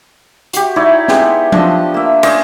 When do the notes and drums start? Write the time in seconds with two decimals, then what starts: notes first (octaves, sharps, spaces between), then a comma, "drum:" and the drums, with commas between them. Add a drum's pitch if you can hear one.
0.53 F#4 G4, drum: hi-hat
0.76 D#4 E4 C#5 D5
1.08 G#3 B3 G4, drum: snare
1.52 F3 D4 D#5 E6, drum: tom F3
1.94 A#3 E5
2.23 C#4 C5 D5 D#5, drum: cymbal